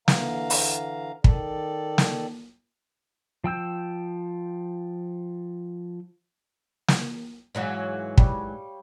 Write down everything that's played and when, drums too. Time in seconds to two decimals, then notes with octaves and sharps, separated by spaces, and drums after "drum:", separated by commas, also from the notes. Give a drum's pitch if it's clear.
0.08 D3 E3 F5 A#5, drum: snare
0.50 drum: open hi-hat
1.24 D#3 A4 D5, drum: kick
1.98 drum: snare
3.44 F3 G5 E6 G6
6.88 drum: snare
7.55 G#2 E3 F#3 C#5 F5 F#5
8.18 G3, drum: kick